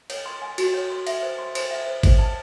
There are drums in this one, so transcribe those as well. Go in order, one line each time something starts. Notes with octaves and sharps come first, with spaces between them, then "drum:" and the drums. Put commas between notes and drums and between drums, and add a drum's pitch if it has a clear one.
C#5, drum: cymbal
C6
G#5
F#4, drum: cymbal
C#5
C6
E5, drum: cymbal
C5
C6
C5, drum: cymbal
E5
C5
C5, drum: kick G#1, cymbal
A5